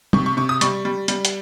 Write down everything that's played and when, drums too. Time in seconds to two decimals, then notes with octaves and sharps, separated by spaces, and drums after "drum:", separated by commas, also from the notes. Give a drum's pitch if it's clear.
0.13 C3 C#6, drum: tom
0.26 C#6
0.37 C3 C#6
0.49 D#6
0.61 G3 C#6, drum: hi-hat
0.85 G3
1.08 G3, drum: hi-hat
1.25 drum: hi-hat